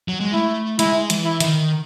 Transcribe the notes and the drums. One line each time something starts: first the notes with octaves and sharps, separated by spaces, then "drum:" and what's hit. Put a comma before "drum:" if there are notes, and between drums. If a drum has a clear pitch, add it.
F#3
G#3
A3 E4
G#3 E4, drum: hi-hat
E3, drum: hi-hat
E4
D#3, drum: hi-hat